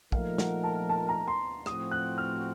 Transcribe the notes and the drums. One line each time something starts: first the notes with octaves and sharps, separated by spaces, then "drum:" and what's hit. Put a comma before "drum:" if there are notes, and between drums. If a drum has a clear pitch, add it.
A#2 F3 A3 D#4 A#4 F5, drum: kick
F#5, drum: snare
A5
A5
A#5
C6
A2 F3 C4 F#4 D#6, drum: rim click
F#6
F6